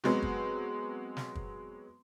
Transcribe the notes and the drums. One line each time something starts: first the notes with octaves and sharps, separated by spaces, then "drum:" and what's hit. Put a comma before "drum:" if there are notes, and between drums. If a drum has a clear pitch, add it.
F#3 G#3 B3 C4 F#4, drum: snare
drum: kick
drum: snare
drum: kick